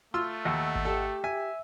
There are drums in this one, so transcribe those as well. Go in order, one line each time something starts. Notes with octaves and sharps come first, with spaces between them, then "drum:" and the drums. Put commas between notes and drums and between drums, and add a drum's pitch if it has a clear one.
A3 F4 C6 E6
D#2 D#5 F#5 E6
drum: kick G#1
G4 A4
E5 G#5